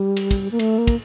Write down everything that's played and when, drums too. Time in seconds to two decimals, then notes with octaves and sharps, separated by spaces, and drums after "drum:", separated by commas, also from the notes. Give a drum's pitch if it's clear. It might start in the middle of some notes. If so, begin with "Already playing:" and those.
Already playing: G3
0.17 drum: cymbal
0.31 drum: kick, cymbal
0.52 A#3
0.59 A3, drum: cymbal
0.78 A#3
0.87 drum: kick, cymbal